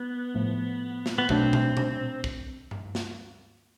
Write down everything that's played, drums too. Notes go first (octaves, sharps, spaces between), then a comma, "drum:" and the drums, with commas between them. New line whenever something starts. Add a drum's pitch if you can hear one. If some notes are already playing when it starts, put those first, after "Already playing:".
Already playing: B3
A2 F3 A3
drum: snare
B3
B2 F#3 A3 C4 D4, drum: kick
drum: tom A#2
drum: tom A#2
drum: kick
drum: tom G2
drum: snare